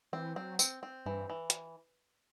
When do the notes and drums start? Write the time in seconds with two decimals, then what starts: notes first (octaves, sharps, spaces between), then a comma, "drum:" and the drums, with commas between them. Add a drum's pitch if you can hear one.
0.13 E3 C4
0.36 F#3 C4
0.59 C4, drum: tambourine
0.83 C4
1.06 G2 E3
1.30 E3
1.50 drum: hi-hat